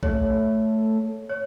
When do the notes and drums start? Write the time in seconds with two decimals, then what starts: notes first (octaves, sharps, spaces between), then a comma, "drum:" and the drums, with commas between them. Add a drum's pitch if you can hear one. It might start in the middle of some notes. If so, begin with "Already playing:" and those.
0.03 A3 C#5, drum: kick A#1
1.29 C#5